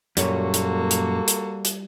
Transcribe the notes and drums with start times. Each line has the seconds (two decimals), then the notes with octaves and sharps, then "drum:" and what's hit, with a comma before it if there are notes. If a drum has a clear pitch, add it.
0.17 F#2 A#2 G3 A#3 F#4 A4 C#5, drum: hi-hat
0.54 drum: hi-hat
0.91 drum: hi-hat
1.28 drum: hi-hat
1.65 drum: hi-hat